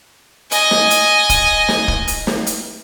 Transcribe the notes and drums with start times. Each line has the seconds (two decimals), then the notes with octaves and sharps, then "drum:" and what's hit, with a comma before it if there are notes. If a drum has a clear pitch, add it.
0.51 D#5 G#5, drum: hi-hat
0.71 drum: snare
0.90 drum: hi-hat
1.29 drum: kick, hi-hat
1.69 drum: snare
1.88 drum: kick
2.08 drum: hi-hat
2.27 drum: snare
2.47 drum: hi-hat